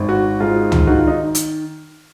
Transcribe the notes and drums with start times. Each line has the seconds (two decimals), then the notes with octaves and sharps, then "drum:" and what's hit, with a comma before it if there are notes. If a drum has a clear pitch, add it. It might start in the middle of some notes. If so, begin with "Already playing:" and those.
Already playing: G#1
0.09 F#4
0.40 G#2 F4
0.72 drum: tom C#2
0.87 D#3 F#4
0.98 F4
1.07 D#4
1.35 drum: hi-hat